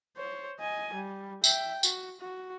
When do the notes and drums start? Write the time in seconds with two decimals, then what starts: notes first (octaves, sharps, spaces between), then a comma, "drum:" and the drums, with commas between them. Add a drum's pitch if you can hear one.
0.16 C5 C#5
0.60 D#5 G#5
0.93 G3
1.44 E5 G5, drum: tambourine
1.83 F#4, drum: tambourine
2.20 F#4